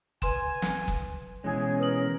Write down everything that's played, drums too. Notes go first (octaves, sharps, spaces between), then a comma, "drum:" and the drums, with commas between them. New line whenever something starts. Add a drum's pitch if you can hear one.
B4 G#5 C6 E7, drum: kick F#1
drum: snare
drum: kick F#1
B2 E3 G#3 C#4 G#4
A#4 B4 D#6 F#7